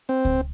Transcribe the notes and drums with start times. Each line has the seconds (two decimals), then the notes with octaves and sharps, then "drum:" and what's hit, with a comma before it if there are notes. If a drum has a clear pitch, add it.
0.09 C4
0.25 drum: kick C#2